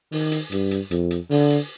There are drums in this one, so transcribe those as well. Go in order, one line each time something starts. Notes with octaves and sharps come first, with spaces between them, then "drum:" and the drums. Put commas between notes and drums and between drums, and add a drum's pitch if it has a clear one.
D#3, drum: open hi-hat
drum: hi-hat
G2, drum: hi-hat
drum: hi-hat
F2, drum: hi-hat
drum: hi-hat
D3, drum: open hi-hat
drum: hi-hat